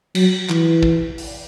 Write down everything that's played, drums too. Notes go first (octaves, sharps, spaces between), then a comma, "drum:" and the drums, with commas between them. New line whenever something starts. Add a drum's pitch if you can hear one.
F#3, drum: cymbal
E3, drum: clap
drum: kick
drum: open hi-hat